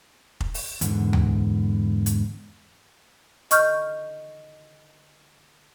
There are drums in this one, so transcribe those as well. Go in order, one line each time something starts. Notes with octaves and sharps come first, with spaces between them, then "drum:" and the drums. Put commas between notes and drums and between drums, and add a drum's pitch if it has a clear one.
drum: kick F1
drum: open hi-hat
E2 G#2 D3, drum: hi-hat
drum: tom D2
drum: hi-hat
D#5 C#6 F6 G6, drum: hi-hat